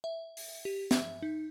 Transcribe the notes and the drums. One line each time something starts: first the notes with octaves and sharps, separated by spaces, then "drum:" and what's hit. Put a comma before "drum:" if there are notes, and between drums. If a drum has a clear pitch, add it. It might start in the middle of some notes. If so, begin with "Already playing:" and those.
E5
drum: open hi-hat
G4
E5, drum: snare
D#4